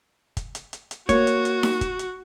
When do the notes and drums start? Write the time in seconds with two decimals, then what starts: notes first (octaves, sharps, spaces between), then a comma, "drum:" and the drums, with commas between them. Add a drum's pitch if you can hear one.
0.37 drum: kick, hi-hat
0.55 drum: hi-hat
0.73 drum: hi-hat
0.91 drum: hi-hat
1.09 A#3 F#4 C#5, drum: kick, hi-hat
1.27 drum: hi-hat
1.45 drum: hi-hat
1.63 drum: snare D#4
1.81 drum: kick, hi-hat
1.99 drum: hi-hat